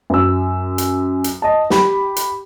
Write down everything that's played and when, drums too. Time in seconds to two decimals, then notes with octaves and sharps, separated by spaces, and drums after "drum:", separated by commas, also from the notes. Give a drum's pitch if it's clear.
0.10 F#2 E6
0.78 drum: hi-hat
1.24 drum: hi-hat
1.42 D#5 A5
1.70 G4 B5, drum: snare
2.16 drum: hi-hat